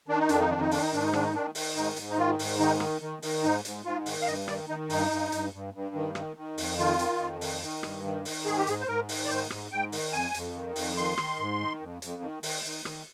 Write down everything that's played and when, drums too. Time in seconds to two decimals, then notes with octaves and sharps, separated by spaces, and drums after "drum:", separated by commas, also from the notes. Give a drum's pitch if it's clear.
0.08 D#3 D4
0.19 D#4
0.29 F2 D4, drum: hi-hat
0.40 D#4
0.50 D#3 D4
0.61 D#4
0.71 D#3 D4, drum: open hi-hat
0.82 D#4
0.93 G#2 D4
1.03 D#4
1.13 D#3 D4, drum: rim click
1.23 D#4
1.34 D#3 D4
1.55 D#3, drum: open hi-hat
1.76 G#2 D#4
1.96 G#2, drum: hi-hat
2.10 D#4
2.17 D#3 F4
2.39 G#2, drum: open hi-hat
2.59 D#3 D#4
2.80 D#3, drum: rim click
3.01 D#3
3.22 D#3, drum: open hi-hat
3.43 G#2 D#4
3.65 G#2, drum: hi-hat
3.85 G#2 F4
4.06 D#3, drum: open hi-hat
4.21 F5
4.27 G2 D#5
4.48 D#3 D5, drum: rim click
4.69 D#3 D#4
4.90 G2 D#4, drum: open hi-hat
5.11 G2
5.32 G2, drum: hi-hat
5.53 G2
5.74 G2
5.95 D#3
6.15 D#3, drum: rim click
6.37 D#3
6.58 F2, drum: open hi-hat
6.78 D#3 F4
6.99 D#3, drum: hi-hat
7.20 F2
7.41 D#3, drum: open hi-hat
7.62 D#3
7.83 G2, drum: rim click
8.04 D#3
8.25 D#3, drum: open hi-hat
8.45 G#2 G#4
8.58 G4
8.67 G#2 G#4, drum: hi-hat
8.80 C5
8.87 G#2 A#4
9.09 D#3, drum: open hi-hat
9.25 D5
9.30 G#2 C5
9.50 G#2, drum: rim click
9.72 G#2 G5
9.92 D#3, drum: open hi-hat
10.13 F2 G#5
10.34 F2, drum: hi-hat
10.55 D#3
10.76 F2, drum: open hi-hat
10.97 D#3 C6
11.18 D#3, drum: rim click
11.39 G#2
11.60 D#3
11.81 F2
12.02 F2, drum: hi-hat
12.22 D#3
12.43 D#3, drum: open hi-hat
12.65 D#3
12.85 D#3, drum: rim click